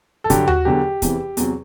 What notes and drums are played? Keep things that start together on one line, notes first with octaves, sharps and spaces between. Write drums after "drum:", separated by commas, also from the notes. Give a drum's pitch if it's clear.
A4
G2 D3 F#3 G4, drum: kick, hi-hat
F#4, drum: tom D#2
E2 D3 F#3 G4
E2 C3 E3, drum: kick, hi-hat
E2 C3 F#3, drum: hi-hat